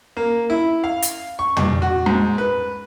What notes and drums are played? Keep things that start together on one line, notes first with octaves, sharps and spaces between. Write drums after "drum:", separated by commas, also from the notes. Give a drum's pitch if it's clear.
A#3
E4
F5
drum: hi-hat
C#6
G2, drum: tom
F#4
G#2
B4